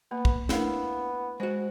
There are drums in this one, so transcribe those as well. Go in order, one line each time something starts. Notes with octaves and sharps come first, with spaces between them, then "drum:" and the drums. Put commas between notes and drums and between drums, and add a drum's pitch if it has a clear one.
A#3 B3
drum: kick
A3 B3 D4 E4 A#4 F5, drum: snare
G#3 F#4 C5